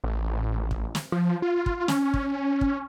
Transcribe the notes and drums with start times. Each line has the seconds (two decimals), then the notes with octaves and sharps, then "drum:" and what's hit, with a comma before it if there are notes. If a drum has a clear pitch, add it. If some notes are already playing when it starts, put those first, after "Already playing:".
0.04 A1
0.71 drum: kick
0.95 drum: snare
1.12 F3
1.42 F4
1.66 drum: kick
1.88 C#4, drum: snare
2.14 drum: kick
2.61 drum: kick